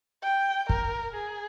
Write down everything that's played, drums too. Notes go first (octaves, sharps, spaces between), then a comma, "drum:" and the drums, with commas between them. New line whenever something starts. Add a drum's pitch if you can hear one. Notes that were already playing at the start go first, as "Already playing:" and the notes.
G5
A#4, drum: kick
G#4